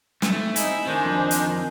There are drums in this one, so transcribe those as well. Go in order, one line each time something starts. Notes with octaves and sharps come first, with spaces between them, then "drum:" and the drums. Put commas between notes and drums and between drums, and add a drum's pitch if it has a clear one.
A3, drum: snare
C3 D#4 E4 G#5, drum: hi-hat
D#3 A#3 D4 C5
F2
drum: hi-hat